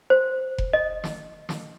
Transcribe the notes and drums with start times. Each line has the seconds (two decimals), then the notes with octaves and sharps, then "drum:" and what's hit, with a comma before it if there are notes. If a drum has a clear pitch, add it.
0.10 C5
0.58 drum: kick F1
0.73 D#5
1.04 drum: snare
1.49 drum: snare